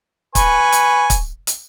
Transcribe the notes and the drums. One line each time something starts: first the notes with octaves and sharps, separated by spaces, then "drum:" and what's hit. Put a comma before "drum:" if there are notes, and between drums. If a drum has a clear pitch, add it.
B4 G#5 C#6, drum: kick, hi-hat
drum: hi-hat
drum: kick, hi-hat
drum: hi-hat